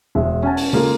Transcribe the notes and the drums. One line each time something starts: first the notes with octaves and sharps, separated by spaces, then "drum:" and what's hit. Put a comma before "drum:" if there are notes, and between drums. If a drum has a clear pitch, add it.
E1 G#3 E5
C#4 F#5 G#5 A5
drum: open hi-hat
G#3 A#3 C#4 F4 A4, drum: tom C#3